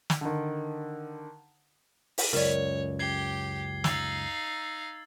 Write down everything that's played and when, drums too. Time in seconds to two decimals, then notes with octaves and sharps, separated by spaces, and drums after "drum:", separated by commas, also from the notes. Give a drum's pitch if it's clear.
0.10 drum: snare
0.21 D3 D#3
2.18 drum: open hi-hat
2.33 C#2 F#2 A#4 C#5 D5
2.99 G4 G#6 C7 G7
3.84 D#4 F5 E6 A6, drum: snare